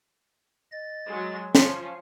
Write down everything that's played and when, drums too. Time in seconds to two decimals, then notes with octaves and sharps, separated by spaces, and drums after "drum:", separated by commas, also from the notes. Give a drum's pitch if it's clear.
0.72 D#5 A6
1.06 F#3 G#3
1.55 F3 C#4 F5, drum: snare